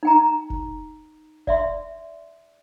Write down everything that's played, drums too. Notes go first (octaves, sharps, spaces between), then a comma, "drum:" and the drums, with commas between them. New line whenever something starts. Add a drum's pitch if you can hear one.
D#4 G5 A#5
drum: kick F1
D5 E5 C6, drum: kick F1